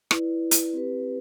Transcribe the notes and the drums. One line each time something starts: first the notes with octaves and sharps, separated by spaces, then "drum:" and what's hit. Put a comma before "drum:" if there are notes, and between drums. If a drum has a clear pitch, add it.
E4 B4 D5, drum: rim click
drum: hi-hat
C4 G4 B4